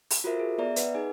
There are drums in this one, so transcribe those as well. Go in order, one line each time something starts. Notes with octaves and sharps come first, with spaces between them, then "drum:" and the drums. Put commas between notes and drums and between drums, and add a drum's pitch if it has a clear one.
drum: open hi-hat
F4 F#4 A4 A#4 C5 E5
G#4
B3 D5 E5 A#5
B4 D#5 F#5, drum: hi-hat
D#4 G#4 D#5 G#5